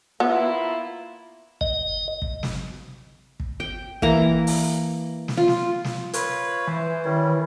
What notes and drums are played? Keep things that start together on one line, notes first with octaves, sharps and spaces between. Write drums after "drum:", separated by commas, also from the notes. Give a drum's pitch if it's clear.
A#3 B3 E4 F4
D#5, drum: kick
drum: kick
drum: snare
drum: kick
G5
E3 A#3 A#5, drum: kick
drum: open hi-hat
drum: snare
F4
drum: snare
drum: snare
F4 B4 C#5, drum: hi-hat
E3 C5
D#3 G3 C#4 E4 C#5